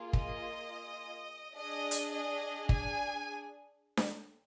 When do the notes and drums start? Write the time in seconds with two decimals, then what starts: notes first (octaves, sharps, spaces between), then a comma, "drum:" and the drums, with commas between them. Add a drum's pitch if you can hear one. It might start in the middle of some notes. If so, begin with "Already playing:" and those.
Already playing: A#3 F4 G#4
0.13 D#5, drum: kick
1.55 D4 G#4 D#5
1.91 drum: hi-hat
2.12 D#5
2.69 G#5, drum: kick
3.97 drum: snare D4